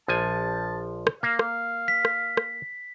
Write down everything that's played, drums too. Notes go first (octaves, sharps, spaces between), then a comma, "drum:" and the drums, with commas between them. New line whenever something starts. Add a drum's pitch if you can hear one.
A#1 F3 G#5 A5
drum: rim click
A#3 F5
drum: rim click
B6
drum: rim click
drum: rim click